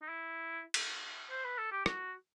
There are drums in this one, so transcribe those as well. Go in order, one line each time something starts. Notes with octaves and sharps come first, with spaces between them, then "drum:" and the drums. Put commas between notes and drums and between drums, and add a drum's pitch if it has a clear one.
D#4
E4
drum: cymbal
C5
B4
A4
G4
F#4, drum: rim click